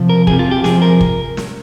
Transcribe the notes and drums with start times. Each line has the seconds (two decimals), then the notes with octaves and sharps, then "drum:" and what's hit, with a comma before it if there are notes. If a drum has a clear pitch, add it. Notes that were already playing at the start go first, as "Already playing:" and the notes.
Already playing: C3 F3
0.09 A#4
0.27 F2 C3 F3 G#4, drum: kick
0.39 F4
0.51 G4
0.64 F2 C3 F3 G#4, drum: snare
0.82 A#4
1.01 drum: kick
1.37 drum: snare